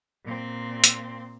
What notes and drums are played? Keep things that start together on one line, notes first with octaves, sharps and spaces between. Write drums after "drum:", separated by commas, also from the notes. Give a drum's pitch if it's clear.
A#2 C4
drum: hi-hat